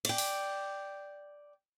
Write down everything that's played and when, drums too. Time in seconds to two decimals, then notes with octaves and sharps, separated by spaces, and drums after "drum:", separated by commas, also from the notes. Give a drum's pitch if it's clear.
0.05 D5 G5, drum: cymbal
0.18 drum: open hi-hat